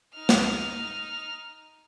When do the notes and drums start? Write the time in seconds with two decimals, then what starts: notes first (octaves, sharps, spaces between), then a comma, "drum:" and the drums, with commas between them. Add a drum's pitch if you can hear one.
0.14 D#4 F6
0.29 drum: snare